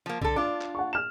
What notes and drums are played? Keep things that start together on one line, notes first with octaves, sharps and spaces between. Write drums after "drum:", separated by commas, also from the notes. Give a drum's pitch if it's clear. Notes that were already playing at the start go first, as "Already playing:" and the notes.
F3 A#3
D3 A4, drum: kick
D4 F4 D6
drum: clap
F#5 C#6
F6 E7